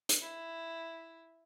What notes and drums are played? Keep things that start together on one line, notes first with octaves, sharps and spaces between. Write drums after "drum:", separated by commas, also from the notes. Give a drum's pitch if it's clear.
drum: hi-hat
E4